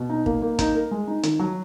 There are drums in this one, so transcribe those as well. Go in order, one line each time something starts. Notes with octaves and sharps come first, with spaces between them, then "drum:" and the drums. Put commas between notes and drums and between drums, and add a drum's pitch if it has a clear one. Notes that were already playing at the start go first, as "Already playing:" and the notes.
Already playing: B2
D#4
A#3, drum: kick
A#3
D#4, drum: kick, hi-hat
A#4
G#3
D#4
D#3, drum: hi-hat
F#3